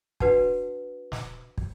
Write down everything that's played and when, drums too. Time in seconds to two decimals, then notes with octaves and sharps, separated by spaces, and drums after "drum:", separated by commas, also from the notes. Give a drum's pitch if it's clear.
0.20 D4 F#4 B4 F#5 A5, drum: kick
1.12 drum: snare
1.58 drum: kick